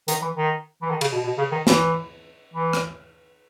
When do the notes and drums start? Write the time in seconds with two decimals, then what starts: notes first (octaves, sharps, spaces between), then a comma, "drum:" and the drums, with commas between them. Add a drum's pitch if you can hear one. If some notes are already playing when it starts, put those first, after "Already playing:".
0.08 D#3, drum: hi-hat
0.22 E3
0.36 D#3
0.82 E3
0.91 D#3
1.01 C#3, drum: cymbal
1.13 B2
1.23 B2
1.38 C#3
1.52 D#3
1.67 E3, drum: snare
2.54 E3
2.73 drum: rim click